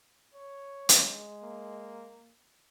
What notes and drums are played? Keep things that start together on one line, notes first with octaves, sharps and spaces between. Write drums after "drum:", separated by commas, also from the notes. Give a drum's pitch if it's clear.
C#5
G#3, drum: hi-hat
A#3